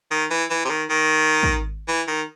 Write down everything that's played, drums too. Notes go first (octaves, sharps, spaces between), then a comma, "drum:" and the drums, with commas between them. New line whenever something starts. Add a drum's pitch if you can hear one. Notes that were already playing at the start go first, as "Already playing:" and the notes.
D#3
E3
E3
C3
D#3
D#3
drum: kick
E3
D#3